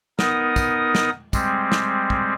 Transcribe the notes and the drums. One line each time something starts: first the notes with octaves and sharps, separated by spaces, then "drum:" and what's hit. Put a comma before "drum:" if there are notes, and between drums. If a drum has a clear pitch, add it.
B3 D#4 A#4 D#6, drum: snare
drum: kick, tambourine
drum: snare
G3 G#3 C4, drum: kick, tambourine
drum: snare
drum: kick